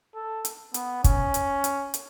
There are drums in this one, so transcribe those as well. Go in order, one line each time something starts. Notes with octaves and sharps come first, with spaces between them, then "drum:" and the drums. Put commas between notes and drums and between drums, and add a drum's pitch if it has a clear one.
A4
drum: hi-hat
B3, drum: hi-hat
C#4, drum: kick, hi-hat
drum: hi-hat
drum: hi-hat
drum: hi-hat